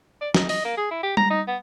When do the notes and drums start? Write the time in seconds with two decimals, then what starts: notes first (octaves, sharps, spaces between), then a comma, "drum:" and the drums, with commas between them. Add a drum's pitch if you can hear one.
0.21 D5
0.34 D#4, drum: snare
0.49 D#5, drum: open hi-hat
0.65 A#3
0.77 G#4
0.91 E4
1.03 G4
1.17 A#5, drum: tom G3
1.30 D#4
1.47 B3